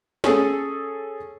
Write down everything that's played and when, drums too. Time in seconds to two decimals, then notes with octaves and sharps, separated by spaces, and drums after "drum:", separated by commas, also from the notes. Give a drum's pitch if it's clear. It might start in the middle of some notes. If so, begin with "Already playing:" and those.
0.24 C#4 G#4 A4, drum: snare